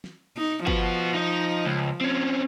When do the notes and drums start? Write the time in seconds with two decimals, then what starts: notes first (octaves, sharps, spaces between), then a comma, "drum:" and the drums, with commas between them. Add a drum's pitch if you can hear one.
0.04 drum: snare
0.37 D#4
0.67 F3 B3 F#4, drum: kick
1.15 D#4 D#5
1.65 C#2
2.01 C4 C#4